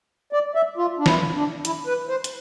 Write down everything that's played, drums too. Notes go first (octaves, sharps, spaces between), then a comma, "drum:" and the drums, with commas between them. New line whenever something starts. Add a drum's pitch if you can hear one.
D5
E5
F4
D4
E4, drum: snare
D4
E4, drum: hi-hat
B4
C5
drum: hi-hat